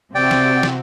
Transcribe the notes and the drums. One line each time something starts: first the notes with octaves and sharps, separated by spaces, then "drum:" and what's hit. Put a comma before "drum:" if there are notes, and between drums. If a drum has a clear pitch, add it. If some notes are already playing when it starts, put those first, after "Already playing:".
C3 C4 F#4 D5 G5
drum: snare
drum: snare